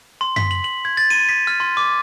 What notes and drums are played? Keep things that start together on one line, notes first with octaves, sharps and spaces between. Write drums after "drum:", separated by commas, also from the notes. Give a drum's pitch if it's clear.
C6
B6, drum: tom F#2
F#7
F#7
G#6
A6
D#7
B6
F6
C6
D6